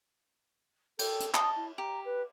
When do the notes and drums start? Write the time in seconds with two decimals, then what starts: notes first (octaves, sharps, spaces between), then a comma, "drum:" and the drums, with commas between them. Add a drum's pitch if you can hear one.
0.99 A4 G5, drum: cymbal
1.20 drum: hi-hat
1.34 D#5 A5 D#6, drum: clap
1.56 E4
1.78 G4 A#5
2.05 B4